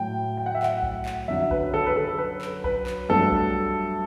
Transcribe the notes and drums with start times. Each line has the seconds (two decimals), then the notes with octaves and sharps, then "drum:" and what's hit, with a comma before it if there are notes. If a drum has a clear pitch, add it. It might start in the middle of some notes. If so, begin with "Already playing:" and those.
Already playing: A2 F#3 A3 G5
0.37 G5
0.46 F#5
0.55 E5
0.63 F#5, drum: clap
0.83 drum: kick A#1
1.06 drum: clap
1.28 F#2 D3 F#3 E5
1.51 B4, drum: kick A#1
1.74 A4
1.87 B4
1.96 A4
2.18 B4
2.41 drum: clap
2.64 B4, drum: kick A#1
2.87 drum: clap
3.09 G2 F#3 A3 A4
3.32 drum: kick A#1